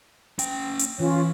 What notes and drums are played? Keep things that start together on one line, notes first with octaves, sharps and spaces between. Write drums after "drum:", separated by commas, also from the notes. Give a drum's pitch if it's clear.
C#4 G5, drum: hi-hat
drum: hi-hat
E3 C#4 F4 C#5